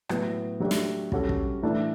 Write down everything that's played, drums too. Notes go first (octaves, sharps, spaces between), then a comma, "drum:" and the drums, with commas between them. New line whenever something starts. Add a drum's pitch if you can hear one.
A2 F#3 B3, drum: rim click
F#3 A3 D4 G4
drum: snare
G3 C#4 F#4 A4, drum: kick
drum: kick
A2 E3 A3 D4 A4